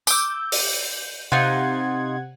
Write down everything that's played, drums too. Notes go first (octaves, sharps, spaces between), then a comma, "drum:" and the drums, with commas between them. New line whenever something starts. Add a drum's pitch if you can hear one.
D6 E6 G6, drum: tambourine
drum: open hi-hat
C3 D#4 F4 F#5 G#6